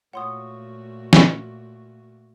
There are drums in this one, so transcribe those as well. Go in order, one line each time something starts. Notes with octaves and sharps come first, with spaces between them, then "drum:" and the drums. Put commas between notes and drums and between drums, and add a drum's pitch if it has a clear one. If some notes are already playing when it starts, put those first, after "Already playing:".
A#2 A3 F4 F#4 C#5 F#5 C6 D#6
drum: snare